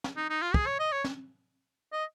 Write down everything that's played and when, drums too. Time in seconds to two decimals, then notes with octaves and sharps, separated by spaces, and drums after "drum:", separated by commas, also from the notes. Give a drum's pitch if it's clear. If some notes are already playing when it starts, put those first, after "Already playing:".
0.04 drum: snare
0.17 D#4
0.30 D#4
0.42 F4
0.54 G#4, drum: kick
0.67 C#5
0.79 D#5
0.92 C#5
1.04 drum: snare
1.93 D#5